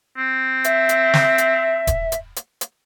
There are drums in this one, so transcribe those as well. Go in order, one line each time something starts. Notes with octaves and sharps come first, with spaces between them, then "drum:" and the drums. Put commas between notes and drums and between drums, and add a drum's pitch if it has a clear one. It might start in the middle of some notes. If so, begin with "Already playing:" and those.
C4
E5, drum: hi-hat
drum: hi-hat
drum: snare
drum: hi-hat
drum: kick D#1, hi-hat
drum: hi-hat
drum: hi-hat
drum: hi-hat